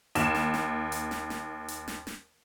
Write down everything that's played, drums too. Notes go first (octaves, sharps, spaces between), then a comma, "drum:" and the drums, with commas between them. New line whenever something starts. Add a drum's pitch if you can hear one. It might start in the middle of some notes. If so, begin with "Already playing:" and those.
D#2 E7, drum: hi-hat
drum: snare
drum: snare
drum: hi-hat
drum: snare
drum: snare
drum: hi-hat
drum: snare
drum: snare